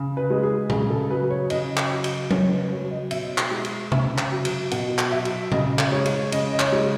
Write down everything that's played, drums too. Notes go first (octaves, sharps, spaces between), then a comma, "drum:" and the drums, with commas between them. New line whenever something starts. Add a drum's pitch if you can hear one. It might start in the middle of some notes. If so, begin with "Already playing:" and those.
Already playing: C#3
B4
G#3
G#4
C#3 G#4, drum: tom A#2
A4
F#3 B4
C#5
C#3 D#5, drum: cymbal
drum: clap
F#3
drum: cymbal
C#3 C#5, drum: tom F#3
B4
F#3 C#5
D#5
B2 E5, drum: cymbal
drum: clap
G#3
drum: cymbal
C#3 E5, drum: tom C3
drum: clap
F#3
drum: cymbal
B2 F#5, drum: cymbal
drum: clap
F#3 E5
drum: cymbal
C#3 D#5, drum: tom A#2
drum: clap
G#3 C#5
drum: cymbal
C#3 D#5, drum: cymbal
D#5
C#5, drum: clap
G#3